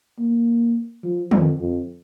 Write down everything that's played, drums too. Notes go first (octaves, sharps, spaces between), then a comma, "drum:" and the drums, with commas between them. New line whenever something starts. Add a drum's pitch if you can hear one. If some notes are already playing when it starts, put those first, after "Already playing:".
A#3
F3
F2, drum: tom
F2